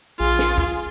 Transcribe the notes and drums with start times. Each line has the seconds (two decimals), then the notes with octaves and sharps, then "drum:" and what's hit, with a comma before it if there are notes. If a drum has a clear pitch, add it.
0.20 A#1 F4 G#4
0.39 drum: snare
0.58 drum: kick